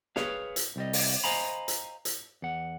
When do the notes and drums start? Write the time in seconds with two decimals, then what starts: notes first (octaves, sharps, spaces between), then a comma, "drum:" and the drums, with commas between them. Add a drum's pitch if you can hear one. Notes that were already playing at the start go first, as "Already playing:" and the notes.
0.16 G#4 B4 C#5 F5, drum: snare
0.56 drum: hi-hat
0.76 C2 G3 D#5
0.93 drum: open hi-hat
1.24 C5 D#5 F5 G#5 A#5 B5
1.68 drum: hi-hat
2.05 drum: hi-hat
2.42 E2 F#5